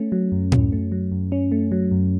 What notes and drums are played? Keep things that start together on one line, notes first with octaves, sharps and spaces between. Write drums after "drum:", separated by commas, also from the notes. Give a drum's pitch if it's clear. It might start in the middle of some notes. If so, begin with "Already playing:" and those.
Already playing: A3 C#4
F#3
F#2
C#4, drum: tom A2
A3
F#3
F#2
C#4
A3
F#3
F#2